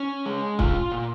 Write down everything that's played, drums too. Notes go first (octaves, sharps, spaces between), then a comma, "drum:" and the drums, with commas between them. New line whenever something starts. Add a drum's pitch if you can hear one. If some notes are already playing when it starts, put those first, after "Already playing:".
Already playing: C#4
G#3
F4, drum: kick
A#2